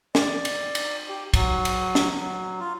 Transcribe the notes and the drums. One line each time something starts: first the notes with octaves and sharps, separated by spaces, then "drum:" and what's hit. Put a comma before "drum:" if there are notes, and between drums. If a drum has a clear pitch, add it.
D5, drum: snare
drum: cymbal
drum: cymbal
G4
F#3, drum: kick, cymbal
drum: cymbal
drum: snare
F#3
F4